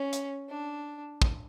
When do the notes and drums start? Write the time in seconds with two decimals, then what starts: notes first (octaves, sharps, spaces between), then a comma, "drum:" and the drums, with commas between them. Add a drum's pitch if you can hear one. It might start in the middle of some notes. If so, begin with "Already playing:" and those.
Already playing: C#4
0.13 drum: hi-hat
0.49 D4
1.22 drum: kick